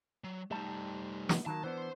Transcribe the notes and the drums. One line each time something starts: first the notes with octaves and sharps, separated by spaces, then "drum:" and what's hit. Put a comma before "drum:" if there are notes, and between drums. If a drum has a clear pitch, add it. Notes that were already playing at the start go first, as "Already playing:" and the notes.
F#3
G3 A3 D#4 A5
drum: snare
D#3 F#3 A#3 A5
E3 B3 D4 C5